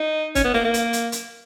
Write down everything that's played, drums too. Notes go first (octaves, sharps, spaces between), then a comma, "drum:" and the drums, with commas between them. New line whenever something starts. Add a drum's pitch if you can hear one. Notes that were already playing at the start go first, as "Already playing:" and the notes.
Already playing: D#4
C#4, drum: kick, hi-hat
B3
A#3, drum: snare
A#3
drum: hi-hat
drum: hi-hat
drum: hi-hat